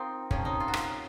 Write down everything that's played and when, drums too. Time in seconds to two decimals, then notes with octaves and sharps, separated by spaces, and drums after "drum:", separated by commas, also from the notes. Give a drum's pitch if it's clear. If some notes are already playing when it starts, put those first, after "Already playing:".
Already playing: A#3 C4 D#4 F4
0.31 C3 F3 A#3 C#4, drum: kick
0.45 D#4
0.60 F4
0.68 F#4
0.74 F4, drum: rim click